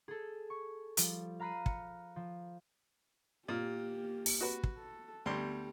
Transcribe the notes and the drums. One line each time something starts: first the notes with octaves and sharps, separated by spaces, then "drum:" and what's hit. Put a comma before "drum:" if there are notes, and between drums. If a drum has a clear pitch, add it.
G#4 A4
C#6
F3 G3, drum: hi-hat
F5 A#5 B5 F#6 C7 D#7
C#7, drum: kick
F3
A#2 A#3 G4
drum: open hi-hat
F#4 B4
drum: kick
A4
D2 G3 B3 G4 C6